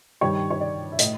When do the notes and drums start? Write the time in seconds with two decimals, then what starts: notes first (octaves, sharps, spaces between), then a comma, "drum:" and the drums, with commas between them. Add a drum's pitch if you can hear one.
0.21 G2 D#3 G3 C#5
0.50 C#5
0.60 D5
0.92 E5
0.99 A2 D#5, drum: hi-hat